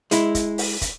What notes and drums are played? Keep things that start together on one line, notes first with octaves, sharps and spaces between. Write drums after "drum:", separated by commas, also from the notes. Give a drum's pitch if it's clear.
G#3 E4, drum: hi-hat
drum: kick, hi-hat
drum: open hi-hat
drum: kick, hi-hat